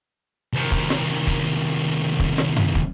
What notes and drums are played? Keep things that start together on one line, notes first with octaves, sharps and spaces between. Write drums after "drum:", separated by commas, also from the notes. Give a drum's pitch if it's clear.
C2 D#3
drum: kick
drum: snare
drum: kick
drum: kick
drum: snare
drum: tom F#2
drum: kick